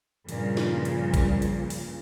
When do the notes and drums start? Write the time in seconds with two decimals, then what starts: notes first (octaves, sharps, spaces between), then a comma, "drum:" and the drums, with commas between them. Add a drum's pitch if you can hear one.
0.29 G2 A#2 C#3 F3, drum: hi-hat
0.57 drum: snare
0.85 drum: hi-hat
1.14 drum: kick A#1, hi-hat
1.42 drum: hi-hat
1.70 drum: open hi-hat